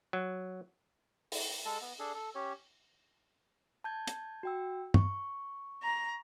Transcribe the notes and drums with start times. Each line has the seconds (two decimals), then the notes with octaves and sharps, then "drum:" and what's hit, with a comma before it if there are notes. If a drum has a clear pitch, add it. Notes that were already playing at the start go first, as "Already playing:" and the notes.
0.13 F#3
1.32 drum: open hi-hat
1.65 G#3 A4 A5
1.81 B3
1.99 D4 G#4 A4
2.14 A4
2.35 C#4 G4 C#5
3.84 A5 G6 G#6
4.08 drum: hi-hat
4.43 F#4 G5 E6
4.94 C#6, drum: tom
5.83 A#5